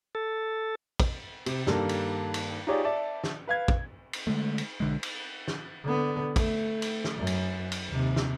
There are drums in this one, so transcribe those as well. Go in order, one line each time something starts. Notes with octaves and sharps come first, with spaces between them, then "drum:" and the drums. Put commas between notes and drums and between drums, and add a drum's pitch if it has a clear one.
A4
drum: kick, cymbal
C3, drum: cymbal
G2 D#3 G3 A#3 A4, drum: snare
drum: cymbal
drum: cymbal
D#4 F4 G4 G#4 C#5 D5
D5 E5 A5
drum: snare
B4 F5 G#6
drum: kick
drum: cymbal
D3 G#3 A3
drum: cymbal
B1 D3 G#3
drum: cymbal
drum: snare
D3 B3
A3, drum: kick, cymbal
drum: cymbal
drum: snare
F#2
drum: cymbal
drum: cymbal
D#2 C3
drum: snare